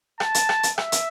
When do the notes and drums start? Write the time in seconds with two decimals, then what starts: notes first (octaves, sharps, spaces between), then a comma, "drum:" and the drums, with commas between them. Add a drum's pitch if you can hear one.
0.20 A5, drum: rim click
0.34 drum: hi-hat
0.49 drum: rim click
0.63 drum: hi-hat
0.78 E5, drum: rim click
0.92 drum: hi-hat